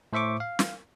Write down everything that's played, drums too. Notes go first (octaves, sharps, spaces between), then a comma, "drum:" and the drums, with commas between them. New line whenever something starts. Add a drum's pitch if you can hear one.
A2 C5 E5 C#6 D6
F5
drum: snare